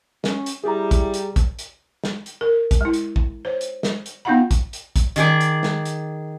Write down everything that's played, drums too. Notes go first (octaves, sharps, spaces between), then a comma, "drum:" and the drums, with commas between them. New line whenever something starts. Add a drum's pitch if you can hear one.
C#4, drum: snare
drum: hi-hat
G3 E4 G#4 A#5
drum: kick, hi-hat
drum: hi-hat
drum: kick, hi-hat
drum: hi-hat
drum: snare
drum: hi-hat
A#4
drum: kick, hi-hat
G#3 E4
drum: hi-hat
drum: kick
C5 C#5
drum: hi-hat
drum: snare
drum: hi-hat
B3 D#4 F4 F5 F#5 B5
drum: kick, hi-hat
drum: hi-hat
drum: kick, hi-hat
D#3 G#4 D5, drum: hi-hat
drum: hi-hat
drum: snare
drum: hi-hat